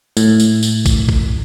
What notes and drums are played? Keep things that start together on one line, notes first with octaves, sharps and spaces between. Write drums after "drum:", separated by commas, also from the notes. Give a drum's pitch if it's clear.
A2, drum: tambourine
drum: tambourine
drum: tambourine
drum: kick, tambourine
drum: kick